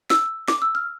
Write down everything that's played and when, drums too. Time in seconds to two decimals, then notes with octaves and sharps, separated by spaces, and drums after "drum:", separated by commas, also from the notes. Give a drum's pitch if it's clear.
0.10 E6, drum: snare
0.48 D6, drum: snare
0.62 E6
0.75 F6